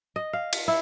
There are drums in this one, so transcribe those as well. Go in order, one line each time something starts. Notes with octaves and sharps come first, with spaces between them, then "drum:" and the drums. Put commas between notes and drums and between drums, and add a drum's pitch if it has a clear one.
D#5
F5
drum: cymbal
E4